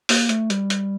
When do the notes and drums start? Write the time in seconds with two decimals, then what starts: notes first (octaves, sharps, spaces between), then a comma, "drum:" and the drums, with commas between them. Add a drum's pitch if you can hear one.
0.09 A#3, drum: open hi-hat
0.29 A3, drum: hi-hat
0.50 G3, drum: hi-hat
0.70 drum: hi-hat